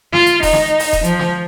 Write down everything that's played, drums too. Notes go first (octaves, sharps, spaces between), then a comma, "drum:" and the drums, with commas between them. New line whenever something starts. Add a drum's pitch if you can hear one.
F4, drum: snare
drum: hi-hat
D#4, drum: kick D#1, open hi-hat
drum: snare
drum: open hi-hat
drum: kick D#1, hi-hat
F3, drum: hi-hat
drum: snare